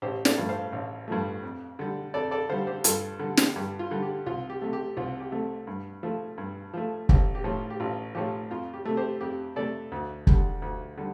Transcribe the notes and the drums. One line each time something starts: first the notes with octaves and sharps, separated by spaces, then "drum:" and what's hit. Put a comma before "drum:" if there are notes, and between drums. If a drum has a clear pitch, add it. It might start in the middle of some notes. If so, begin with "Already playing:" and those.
A1 G4 C5
A4 D5, drum: snare
G2 F3 A3
C5 F5
A1
G2 F3 A3
F2
D3 G3
F2 A4 D5
A4 D5
D3 G3 C5 F5
G4 C5
G2 F4 A4, drum: hi-hat
D3 G3
drum: snare
G2 G4
F4
D3 G3
G4
C2 F4
G4
C3 A3
G4
C2 F4
G4
C3 A3
G2
F3 A3
G2
F3 A3
A1 G4, drum: kick
G4
A2 F3 F4
G4
A1 F4
A2 F3 G4
F2 F4
G4
C3 A3
G4 C5
F2 G4
C3 A3 A4 D5
D2
D3 G3, drum: kick
D2
D3 G3